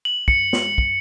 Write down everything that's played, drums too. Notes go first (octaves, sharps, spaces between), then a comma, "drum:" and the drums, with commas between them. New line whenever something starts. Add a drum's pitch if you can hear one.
F#7
C#7, drum: kick
drum: snare
drum: kick